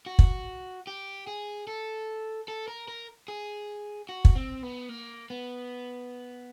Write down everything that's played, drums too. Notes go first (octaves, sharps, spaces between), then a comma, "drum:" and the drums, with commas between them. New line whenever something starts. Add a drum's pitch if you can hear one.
F#4
drum: kick
G4
G#4
A4
A4
A#4
A#4
G#4
F#4
drum: kick
C4
B3
A#3
B3